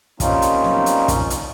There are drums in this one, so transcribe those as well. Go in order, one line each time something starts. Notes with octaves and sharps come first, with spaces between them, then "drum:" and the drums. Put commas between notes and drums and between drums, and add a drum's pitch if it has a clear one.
G3 A#3 C4 C#4 D#4 F4, drum: kick, hi-hat
drum: hi-hat
drum: snare B3
drum: hi-hat
drum: kick, hi-hat
drum: hi-hat